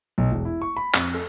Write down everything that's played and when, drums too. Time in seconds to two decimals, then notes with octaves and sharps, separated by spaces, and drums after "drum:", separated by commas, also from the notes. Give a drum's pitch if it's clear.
0.18 B1
0.32 E1
0.45 E4
0.62 C#6
0.77 B5
0.94 F2, drum: clap
1.14 A4